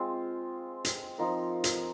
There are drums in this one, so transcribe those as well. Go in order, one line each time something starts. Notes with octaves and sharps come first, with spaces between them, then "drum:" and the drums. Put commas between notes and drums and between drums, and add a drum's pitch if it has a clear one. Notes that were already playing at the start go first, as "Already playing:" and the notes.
Already playing: G#3 C4 F4
drum: hi-hat
F3 C4 D#4 A#4
drum: hi-hat